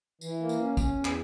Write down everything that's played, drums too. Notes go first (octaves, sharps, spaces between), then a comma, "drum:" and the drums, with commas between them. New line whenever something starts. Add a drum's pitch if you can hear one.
E3, drum: tambourine
A#3
drum: tambourine
C#4
C#4, drum: kick, tambourine
E2
drum: clap